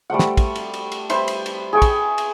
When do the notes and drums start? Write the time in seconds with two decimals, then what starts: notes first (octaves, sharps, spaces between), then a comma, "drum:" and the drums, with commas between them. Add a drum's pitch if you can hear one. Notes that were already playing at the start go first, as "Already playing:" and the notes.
0.10 G3 A3 C5 F#5
0.19 drum: snare
0.37 drum: kick, cymbal
0.55 drum: cymbal
0.74 drum: cymbal
0.92 drum: cymbal
1.10 G3 B4 C5 E5, drum: cymbal
1.28 drum: cymbal
1.46 drum: cymbal
1.73 G#4 G5 C#6
1.82 drum: kick, cymbal
2.18 drum: cymbal